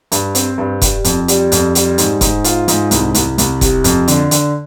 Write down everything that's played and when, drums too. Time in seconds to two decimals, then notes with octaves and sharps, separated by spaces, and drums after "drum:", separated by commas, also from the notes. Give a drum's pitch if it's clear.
0.12 G2, drum: hi-hat
0.35 C4, drum: hi-hat
0.58 G2
0.81 G3, drum: kick E1, hi-hat
1.04 F2, drum: hi-hat
1.28 G3, drum: hi-hat
1.52 F2, drum: hi-hat
1.75 G3, drum: hi-hat
1.98 G#2, drum: hi-hat
2.21 G#2, drum: kick E1, hi-hat
2.44 F4, drum: hi-hat
2.68 G#2, drum: hi-hat
2.91 C2, drum: hi-hat
3.14 C2, drum: hi-hat
3.38 C2, drum: hi-hat
3.61 C3, drum: kick E1, hi-hat
3.84 F2, drum: hi-hat
4.08 D3, drum: hi-hat
4.31 D3, drum: hi-hat